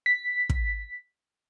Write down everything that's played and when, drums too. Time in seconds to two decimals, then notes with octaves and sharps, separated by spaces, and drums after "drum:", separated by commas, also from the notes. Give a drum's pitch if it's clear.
0.06 B6
0.50 drum: kick